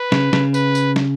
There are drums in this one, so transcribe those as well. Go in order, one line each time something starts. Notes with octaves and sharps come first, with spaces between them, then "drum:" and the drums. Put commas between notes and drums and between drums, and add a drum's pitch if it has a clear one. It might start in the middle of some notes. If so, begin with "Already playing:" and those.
Already playing: B4
C#3, drum: snare
C#3, drum: snare
B4, drum: tambourine
drum: tambourine
drum: snare